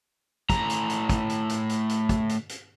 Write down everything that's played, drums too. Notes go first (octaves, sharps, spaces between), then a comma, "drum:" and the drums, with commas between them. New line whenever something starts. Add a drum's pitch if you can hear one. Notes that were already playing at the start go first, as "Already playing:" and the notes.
A2 A#5, drum: kick, hi-hat
drum: hi-hat
drum: hi-hat
drum: kick, hi-hat
drum: hi-hat
drum: hi-hat
drum: hi-hat
drum: hi-hat
drum: kick, hi-hat
drum: hi-hat
drum: hi-hat